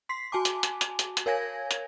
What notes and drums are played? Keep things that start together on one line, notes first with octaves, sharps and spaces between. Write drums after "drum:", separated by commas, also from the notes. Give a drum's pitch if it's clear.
C6 B6 C7
F#4 G#5 A5 D6
drum: hi-hat
drum: hi-hat
drum: hi-hat
drum: hi-hat
drum: hi-hat
A#4 C#5 F5 G#5 G#6 A#6
drum: hi-hat